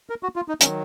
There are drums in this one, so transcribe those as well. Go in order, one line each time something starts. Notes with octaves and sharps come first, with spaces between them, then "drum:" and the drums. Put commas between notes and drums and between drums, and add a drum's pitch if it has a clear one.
A#4
F#4
F4
D#4
D#3 F#3 C#4, drum: hi-hat